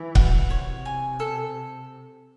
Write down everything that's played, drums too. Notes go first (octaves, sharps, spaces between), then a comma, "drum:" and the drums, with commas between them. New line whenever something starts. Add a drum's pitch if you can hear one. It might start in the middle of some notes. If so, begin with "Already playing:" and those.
Already playing: E3
F#4, drum: kick C#1
C3 C#5
G#5
A4